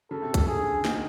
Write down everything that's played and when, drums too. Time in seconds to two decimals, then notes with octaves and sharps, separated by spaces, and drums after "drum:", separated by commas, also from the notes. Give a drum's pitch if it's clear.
0.11 C#3 A4
0.22 C3
0.34 C#3, drum: kick, hi-hat
0.47 D3 G#4
0.75 D3
0.85 D#3, drum: snare